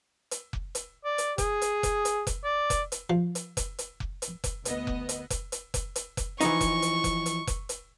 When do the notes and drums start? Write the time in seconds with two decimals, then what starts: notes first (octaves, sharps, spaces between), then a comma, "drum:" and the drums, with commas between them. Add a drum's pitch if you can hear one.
0.31 drum: hi-hat
0.53 drum: kick F1
0.75 drum: hi-hat
1.05 D5
1.18 drum: hi-hat
1.38 G#4, drum: kick F1, hi-hat
1.62 drum: hi-hat
1.83 drum: kick F1, hi-hat
2.05 drum: hi-hat
2.27 drum: kick F1, hi-hat
2.44 D5
2.70 drum: kick F1, hi-hat
2.92 drum: hi-hat
3.10 F3
3.35 drum: hi-hat
3.57 drum: kick F1, hi-hat
3.79 drum: hi-hat
4.00 drum: kick F1
4.22 drum: hi-hat
4.44 drum: kick F1, hi-hat
4.65 D2 B3 D#5, drum: hi-hat
4.87 drum: kick F1
5.09 drum: hi-hat
5.30 drum: kick F1, hi-hat
5.52 drum: hi-hat
5.74 drum: kick F1, hi-hat
5.96 drum: hi-hat
6.17 drum: kick F1, hi-hat
6.41 E3 F3 D#4 C#6, drum: hi-hat
6.61 drum: kick F1, hi-hat
6.82 drum: hi-hat
7.04 drum: kick F1, hi-hat
7.26 drum: hi-hat
7.47 drum: kick F1, hi-hat
7.69 drum: hi-hat